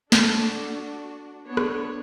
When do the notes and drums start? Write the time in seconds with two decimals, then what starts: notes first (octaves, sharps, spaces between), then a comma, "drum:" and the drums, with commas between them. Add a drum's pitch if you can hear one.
0.12 D4 F#4 A4, drum: snare
1.47 B3 D4 C#5
1.57 drum: rim click